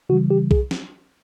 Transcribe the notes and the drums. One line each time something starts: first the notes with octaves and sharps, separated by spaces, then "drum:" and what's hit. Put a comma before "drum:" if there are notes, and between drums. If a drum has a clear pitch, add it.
C#3 E3 G3 F#4
G4
G#4, drum: kick B1
drum: snare